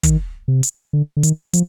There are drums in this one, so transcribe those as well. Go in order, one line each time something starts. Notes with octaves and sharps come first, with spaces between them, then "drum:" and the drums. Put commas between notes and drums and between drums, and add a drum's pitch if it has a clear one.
D#3, drum: kick, hi-hat
C3
drum: hi-hat
D3
D3
D#3, drum: hi-hat
F3, drum: hi-hat